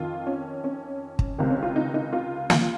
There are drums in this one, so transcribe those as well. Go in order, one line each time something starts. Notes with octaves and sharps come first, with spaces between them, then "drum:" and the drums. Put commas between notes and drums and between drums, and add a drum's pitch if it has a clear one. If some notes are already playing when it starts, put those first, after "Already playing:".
Already playing: F2 D#3 F4
C#4
C#4
drum: kick
C#2 C3 D#3 C4
C#4
F4
D#4
D#4
F4
F4, drum: snare